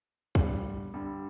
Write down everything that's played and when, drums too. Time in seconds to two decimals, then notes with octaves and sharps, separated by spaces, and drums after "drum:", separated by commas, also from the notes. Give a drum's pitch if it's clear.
0.35 G2 D3 G3, drum: kick
0.94 G2 D3 G3